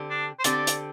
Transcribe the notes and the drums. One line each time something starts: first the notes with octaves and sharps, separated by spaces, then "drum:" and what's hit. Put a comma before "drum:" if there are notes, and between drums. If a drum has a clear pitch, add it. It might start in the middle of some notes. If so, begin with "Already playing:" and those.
Already playing: D3 C4 G4
D4
C5
D3 C4 G4 D5, drum: hi-hat
drum: hi-hat